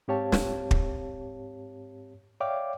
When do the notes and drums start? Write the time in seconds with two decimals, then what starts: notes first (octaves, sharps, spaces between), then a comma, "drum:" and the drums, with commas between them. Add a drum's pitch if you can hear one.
0.08 G#2 C4 G4 C#5 F5 A5
0.32 drum: snare
0.71 drum: kick
2.40 C#5 D5 E5 F5 G5 D6